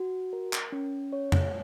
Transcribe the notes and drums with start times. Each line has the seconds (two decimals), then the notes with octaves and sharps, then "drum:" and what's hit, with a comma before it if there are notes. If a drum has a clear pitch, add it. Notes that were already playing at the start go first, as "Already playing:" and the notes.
Already playing: F#4
0.33 A#4
0.53 drum: clap
0.72 C#4
1.13 C#5
1.32 drum: tom F2